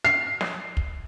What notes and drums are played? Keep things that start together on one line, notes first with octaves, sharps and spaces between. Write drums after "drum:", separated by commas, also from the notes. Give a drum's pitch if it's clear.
C7
drum: snare
drum: kick